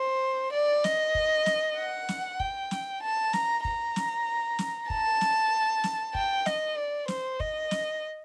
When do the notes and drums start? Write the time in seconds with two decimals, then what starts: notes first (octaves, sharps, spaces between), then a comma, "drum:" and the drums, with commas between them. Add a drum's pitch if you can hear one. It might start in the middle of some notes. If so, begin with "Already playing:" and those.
Already playing: C5
0.52 D5
0.84 D#5, drum: snare
1.15 drum: kick
1.46 drum: snare
1.77 F#5
2.09 drum: snare
2.40 G5, drum: kick
2.71 drum: snare
3.03 A5
3.33 A#5, drum: snare
3.65 A#5, drum: kick
3.96 drum: snare
4.59 drum: snare
4.90 A5, drum: kick
5.21 drum: snare
5.84 drum: snare
6.15 G5, drum: kick
6.46 D#5, drum: snare
6.77 D5
7.08 C5, drum: snare
7.40 D#5, drum: kick
7.71 drum: snare